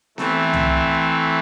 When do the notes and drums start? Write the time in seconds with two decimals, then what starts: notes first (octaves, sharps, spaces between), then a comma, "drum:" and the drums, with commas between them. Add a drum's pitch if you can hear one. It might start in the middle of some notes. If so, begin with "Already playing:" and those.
0.18 E3 A3 C4, drum: snare B3
0.53 drum: tom